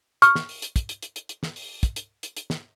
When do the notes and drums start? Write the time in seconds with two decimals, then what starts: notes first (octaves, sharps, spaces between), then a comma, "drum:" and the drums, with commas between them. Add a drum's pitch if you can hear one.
0.22 C#6 F6, drum: hi-hat
0.35 drum: snare
0.49 drum: open hi-hat
0.62 drum: hi-hat
0.76 drum: kick, hi-hat
0.89 drum: hi-hat
1.02 drum: hi-hat
1.16 drum: hi-hat
1.29 drum: hi-hat
1.43 drum: snare
1.56 drum: open hi-hat
1.83 drum: kick, hi-hat
1.96 drum: hi-hat
2.23 drum: hi-hat
2.36 drum: hi-hat
2.50 drum: snare